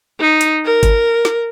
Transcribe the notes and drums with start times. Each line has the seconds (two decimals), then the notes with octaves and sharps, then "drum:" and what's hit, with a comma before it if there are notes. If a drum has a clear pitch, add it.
0.20 D#4
0.41 drum: hi-hat
0.65 A#4
0.83 drum: kick G#1, hi-hat
1.25 drum: snare